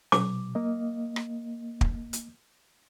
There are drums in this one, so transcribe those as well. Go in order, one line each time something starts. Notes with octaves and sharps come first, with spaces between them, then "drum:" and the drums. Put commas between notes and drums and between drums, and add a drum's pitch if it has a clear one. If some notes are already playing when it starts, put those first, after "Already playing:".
B2 D6, drum: snare C#4
A#3 D#5
drum: rim click
drum: kick
drum: hi-hat